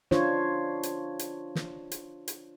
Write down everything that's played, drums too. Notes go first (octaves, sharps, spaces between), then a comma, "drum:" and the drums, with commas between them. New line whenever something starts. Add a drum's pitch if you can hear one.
D4 F4 C5 C#5, drum: snare
drum: hi-hat
drum: hi-hat
drum: snare
drum: hi-hat
drum: hi-hat